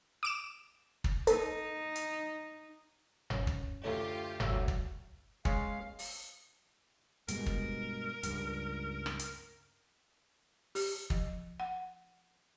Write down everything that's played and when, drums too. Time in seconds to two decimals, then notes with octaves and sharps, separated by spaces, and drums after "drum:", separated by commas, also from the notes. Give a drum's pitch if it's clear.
0.23 D6 D7 E7
1.04 drum: kick
1.27 D#4 A4, drum: hi-hat
1.95 drum: hi-hat
3.30 F#2 C#4, drum: tom F#1
3.47 drum: kick
3.84 D2 A3 F4 G4 C#5
4.40 G#1 D2 F#3 E6, drum: tom F#1
4.68 drum: kick
5.45 G#3 C#4 F5, drum: kick
5.99 drum: open hi-hat
7.28 G2 B2 G#3 A#4, drum: hi-hat
7.46 drum: kick
8.23 C#2 G2, drum: hi-hat
9.06 drum: rim click
9.19 drum: hi-hat
10.75 G4, drum: open hi-hat
11.10 F3, drum: kick
11.60 F#5